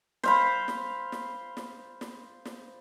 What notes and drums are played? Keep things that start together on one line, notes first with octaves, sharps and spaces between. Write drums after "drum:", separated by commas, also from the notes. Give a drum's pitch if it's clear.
C5 F5 B5, drum: snare
drum: snare
drum: snare
drum: snare
drum: snare
drum: snare